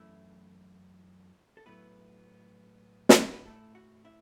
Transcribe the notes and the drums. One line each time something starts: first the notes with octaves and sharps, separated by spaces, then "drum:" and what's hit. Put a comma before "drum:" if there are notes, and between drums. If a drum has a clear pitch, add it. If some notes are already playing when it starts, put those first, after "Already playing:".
Already playing: F#2 E3 A3 E4 E5
A4
A2 F#3 A3 B3 E4 B4
drum: snare
B4
A2 A3 E4 A4
F#4 F#5
E4 E5